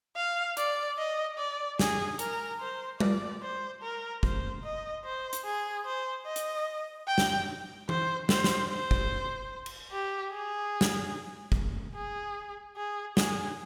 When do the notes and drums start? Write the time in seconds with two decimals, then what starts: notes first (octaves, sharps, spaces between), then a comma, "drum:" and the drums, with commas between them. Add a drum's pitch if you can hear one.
0.16 F5
0.57 D5, drum: hi-hat
0.98 D#5
1.38 D5
1.79 G#4, drum: snare
2.19 A#4, drum: hi-hat
2.60 C5
3.00 D5, drum: tom G3
3.42 C5
3.82 A#4
4.23 C5, drum: kick
4.63 D#5
5.04 C5
5.33 drum: hi-hat
5.45 G#4
5.85 C5
6.26 D#5
6.36 drum: hi-hat
7.07 G5
7.18 drum: snare
7.89 C5, drum: tom E3
8.29 C5, drum: snare
8.44 drum: snare
8.70 C5
8.91 drum: kick
9.66 drum: cymbal
9.92 G4
10.32 G#4
10.81 drum: snare
11.52 drum: kick
11.95 G#4
12.77 G#4
13.17 G#4, drum: snare